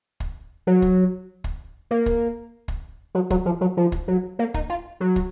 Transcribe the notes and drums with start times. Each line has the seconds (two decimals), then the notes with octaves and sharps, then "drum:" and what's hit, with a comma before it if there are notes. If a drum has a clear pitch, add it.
0.20 drum: kick
0.67 F#3
0.82 drum: kick
1.44 drum: kick
1.91 A#3
2.06 drum: kick
2.68 drum: kick
3.15 F#3
3.30 F#3, drum: kick
3.46 F3
3.61 F#3
3.77 F3
3.92 drum: kick
4.08 F#3
4.39 A#3
4.54 D#4, drum: kick
4.69 F4
5.00 F#3
5.16 drum: kick